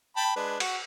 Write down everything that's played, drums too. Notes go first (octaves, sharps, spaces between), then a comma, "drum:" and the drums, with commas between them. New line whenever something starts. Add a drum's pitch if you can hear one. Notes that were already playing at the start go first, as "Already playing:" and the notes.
G5 A5 B5
G#3 D4 B4
F#4, drum: cymbal